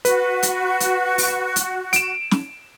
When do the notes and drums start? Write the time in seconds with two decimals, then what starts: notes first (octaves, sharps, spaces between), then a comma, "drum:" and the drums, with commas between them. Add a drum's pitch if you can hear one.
0.05 F#4 B4, drum: hi-hat
0.43 drum: hi-hat
0.80 drum: hi-hat
1.18 drum: open hi-hat
1.56 drum: hi-hat
1.93 D7 E7, drum: hi-hat
2.31 drum: snare